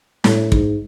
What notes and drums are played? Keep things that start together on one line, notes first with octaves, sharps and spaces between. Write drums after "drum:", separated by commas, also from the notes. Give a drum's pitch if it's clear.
A2, drum: snare
G#2, drum: kick